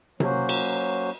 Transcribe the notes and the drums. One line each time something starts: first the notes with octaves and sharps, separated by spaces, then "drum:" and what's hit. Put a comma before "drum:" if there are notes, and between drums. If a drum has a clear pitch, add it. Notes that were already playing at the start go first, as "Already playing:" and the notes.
F#3 A#3 C#4 F#4 C5, drum: tom C3
drum: cymbal